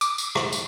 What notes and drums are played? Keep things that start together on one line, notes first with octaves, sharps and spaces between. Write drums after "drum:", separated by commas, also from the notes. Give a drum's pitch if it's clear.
D6, drum: tambourine
drum: tambourine
drum: rim click
drum: tambourine